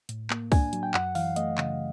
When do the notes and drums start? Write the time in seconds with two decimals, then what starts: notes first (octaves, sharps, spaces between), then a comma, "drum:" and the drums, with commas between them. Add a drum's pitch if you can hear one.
0.09 A2, drum: hi-hat
0.30 A#3, drum: clap
0.52 D4 G#5, drum: kick, open hi-hat
0.73 F#3, drum: hi-hat
0.83 G5
0.94 F#2 F#5, drum: clap
1.15 E3 F5, drum: open hi-hat
1.36 A3 D#5, drum: hi-hat
1.58 C#3, drum: clap